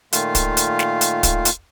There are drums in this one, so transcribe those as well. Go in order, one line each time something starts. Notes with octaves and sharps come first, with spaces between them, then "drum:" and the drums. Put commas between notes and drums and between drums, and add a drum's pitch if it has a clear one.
A#2 D#3 A3 F4 F5, drum: hi-hat
drum: kick, hi-hat
drum: hi-hat
drum: snare
drum: hi-hat
drum: kick, hi-hat
drum: hi-hat